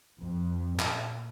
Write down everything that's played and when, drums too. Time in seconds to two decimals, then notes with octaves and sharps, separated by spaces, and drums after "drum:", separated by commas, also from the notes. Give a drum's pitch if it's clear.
0.19 F2
0.79 A#2, drum: clap